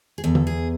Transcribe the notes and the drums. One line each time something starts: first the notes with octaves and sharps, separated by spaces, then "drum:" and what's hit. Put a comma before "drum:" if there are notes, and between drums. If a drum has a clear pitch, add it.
G#4
E2 A4
drum: tom
G#4